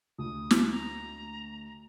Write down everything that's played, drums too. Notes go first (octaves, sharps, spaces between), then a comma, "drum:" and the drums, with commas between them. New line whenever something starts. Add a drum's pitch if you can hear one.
D2 D#6
drum: snare
A#5